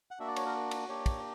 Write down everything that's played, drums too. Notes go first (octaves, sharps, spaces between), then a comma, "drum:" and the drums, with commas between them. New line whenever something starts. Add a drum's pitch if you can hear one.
F#5
A#3 D4 F#4 E5
D5
C#5, drum: cymbal
A#4
drum: cymbal
A#3 D4 G4 C#5
drum: kick, cymbal